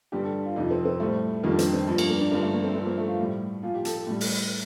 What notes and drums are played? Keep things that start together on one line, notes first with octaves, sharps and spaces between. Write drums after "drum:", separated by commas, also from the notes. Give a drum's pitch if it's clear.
G2 D3 G3 G4
A4
F4
F2 C3 F3 D#4
C4
C4
A2 G3 A3
F2 D#3 G3 A#3
D4
C4, drum: hi-hat
C4
G2 F3
A#3, drum: cymbal
A#3
D4
G2 D3 F3 A#3
A3
A#3
C4
G2 F3 C4
A#3
A3
F4
A2 G3
A#2 F3 F4
G4
A4, drum: hi-hat
A4
A2 G3
drum: open hi-hat